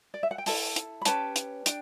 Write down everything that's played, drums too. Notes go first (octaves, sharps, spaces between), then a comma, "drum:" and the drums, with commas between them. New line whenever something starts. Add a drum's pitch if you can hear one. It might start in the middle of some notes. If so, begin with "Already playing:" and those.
D5
E5
F#5
G5
E4 A4 A5, drum: open hi-hat
drum: hi-hat
B5
C#4 G4 B4 A5, drum: hi-hat
drum: hi-hat
D4 G5, drum: hi-hat